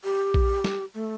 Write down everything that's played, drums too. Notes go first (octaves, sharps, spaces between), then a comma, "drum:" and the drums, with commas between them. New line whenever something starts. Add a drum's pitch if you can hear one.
G4
drum: kick A#1
drum: snare
A3